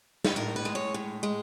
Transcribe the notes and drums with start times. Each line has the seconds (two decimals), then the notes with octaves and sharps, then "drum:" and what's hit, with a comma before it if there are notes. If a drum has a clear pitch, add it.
0.24 B4, drum: snare
0.36 A2 A#4
0.56 B4
0.65 G#3
0.75 C#5
0.94 A2
1.23 G#3